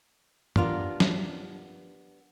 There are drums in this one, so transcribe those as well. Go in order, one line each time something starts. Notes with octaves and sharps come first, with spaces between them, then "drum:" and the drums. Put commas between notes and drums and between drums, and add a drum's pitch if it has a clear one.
B3 D4 F4 G4 A#4, drum: tom G2
drum: snare